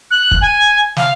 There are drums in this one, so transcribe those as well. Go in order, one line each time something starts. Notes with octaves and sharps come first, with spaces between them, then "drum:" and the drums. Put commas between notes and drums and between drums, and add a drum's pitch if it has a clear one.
F#6
drum: kick
G#5
F5, drum: snare